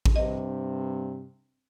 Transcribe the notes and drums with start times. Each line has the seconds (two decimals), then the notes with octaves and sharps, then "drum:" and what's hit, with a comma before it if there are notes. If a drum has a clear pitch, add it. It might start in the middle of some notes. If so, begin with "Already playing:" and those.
0.05 drum: kick A1
0.16 G2 C3 D#5